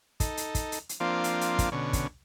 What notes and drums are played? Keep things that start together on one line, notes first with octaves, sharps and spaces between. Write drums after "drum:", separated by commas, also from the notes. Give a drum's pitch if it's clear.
D#4 A4, drum: kick, hi-hat
drum: hi-hat
drum: kick, hi-hat
drum: hi-hat
drum: hi-hat
F3 A#3 C4 D4 F4
drum: hi-hat
drum: hi-hat
drum: kick, hi-hat
B2 D3 C#4
drum: kick, hi-hat